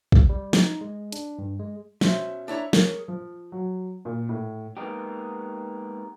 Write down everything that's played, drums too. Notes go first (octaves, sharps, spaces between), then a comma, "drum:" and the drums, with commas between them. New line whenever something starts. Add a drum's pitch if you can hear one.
C2, drum: kick
G3
D#4, drum: snare
G#3
D4, drum: hi-hat
G2
G#3
B2 C#4 C5 E5, drum: snare
D4 E4 C#5 A#5
G#4 A#4 C#5, drum: snare
F3
F#3
A#2
A2
G#3 A#3 B3 D#4 G4